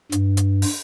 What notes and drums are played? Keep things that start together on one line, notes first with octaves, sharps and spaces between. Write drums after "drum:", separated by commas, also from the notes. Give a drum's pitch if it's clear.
G2, drum: hi-hat
drum: hi-hat
drum: open hi-hat